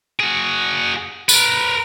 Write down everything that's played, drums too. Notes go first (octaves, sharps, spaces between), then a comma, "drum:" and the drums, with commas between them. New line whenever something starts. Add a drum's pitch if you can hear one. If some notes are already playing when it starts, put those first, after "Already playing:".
F#4 G#4
A#4 B4, drum: tambourine